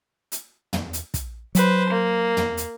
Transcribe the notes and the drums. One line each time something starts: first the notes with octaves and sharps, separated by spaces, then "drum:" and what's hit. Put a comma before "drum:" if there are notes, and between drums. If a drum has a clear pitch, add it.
drum: hi-hat
drum: tom
drum: hi-hat
drum: kick, hi-hat
F#3 B4 C5, drum: hi-hat
A#3
drum: tom
drum: hi-hat